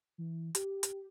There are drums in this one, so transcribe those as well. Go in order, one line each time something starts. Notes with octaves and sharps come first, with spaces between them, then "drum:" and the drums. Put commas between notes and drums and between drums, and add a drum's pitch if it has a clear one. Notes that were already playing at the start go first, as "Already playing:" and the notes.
E3
G4, drum: hi-hat
drum: hi-hat